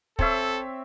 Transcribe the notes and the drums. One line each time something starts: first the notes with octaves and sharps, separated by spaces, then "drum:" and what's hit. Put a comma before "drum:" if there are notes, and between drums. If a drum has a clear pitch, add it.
C4 A4 C#5 E5, drum: kick